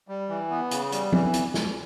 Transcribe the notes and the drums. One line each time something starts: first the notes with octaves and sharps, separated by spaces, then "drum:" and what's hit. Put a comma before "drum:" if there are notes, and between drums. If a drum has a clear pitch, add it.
G3
E3
B3
C#3, drum: hi-hat
G3, drum: hi-hat
E3, drum: tom F3
drum: hi-hat
drum: snare